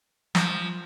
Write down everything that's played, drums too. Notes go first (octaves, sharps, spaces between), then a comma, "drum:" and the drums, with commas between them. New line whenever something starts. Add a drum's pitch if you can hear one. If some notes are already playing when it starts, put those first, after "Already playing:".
F3, drum: snare